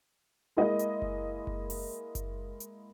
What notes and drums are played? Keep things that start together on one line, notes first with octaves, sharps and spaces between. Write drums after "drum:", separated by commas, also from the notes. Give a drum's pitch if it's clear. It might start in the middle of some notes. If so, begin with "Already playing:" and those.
G#3 A#3 E4 D#5
drum: hi-hat
drum: kick F#1
drum: kick F#1
drum: open hi-hat
drum: kick F#1, hi-hat
drum: hi-hat